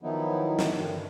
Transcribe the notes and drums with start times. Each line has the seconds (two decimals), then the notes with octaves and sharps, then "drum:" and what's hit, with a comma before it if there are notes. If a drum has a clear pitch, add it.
0.02 D#3 F3 F#3 B3 D#4 E4
0.59 drum: snare
0.77 G2 D3 D#3